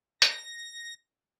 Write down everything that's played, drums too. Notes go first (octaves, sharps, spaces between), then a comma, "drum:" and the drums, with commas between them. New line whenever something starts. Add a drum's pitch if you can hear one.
A#6, drum: hi-hat